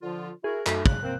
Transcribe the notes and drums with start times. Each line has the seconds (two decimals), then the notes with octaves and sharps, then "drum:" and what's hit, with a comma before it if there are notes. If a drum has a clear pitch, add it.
0.02 D3 F3 F4
0.44 E4 F#4 G#4 A#4
0.66 F#2 A3 D#4 A4, drum: clap
0.86 C#3 F#6, drum: kick
1.03 A#3 C4 C5